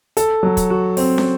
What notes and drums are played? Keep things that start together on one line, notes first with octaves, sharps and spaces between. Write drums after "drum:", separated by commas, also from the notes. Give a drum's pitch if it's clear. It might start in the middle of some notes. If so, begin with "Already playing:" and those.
A4, drum: hi-hat
F#3
drum: kick, hi-hat
F#4
C4, drum: open hi-hat
drum: snare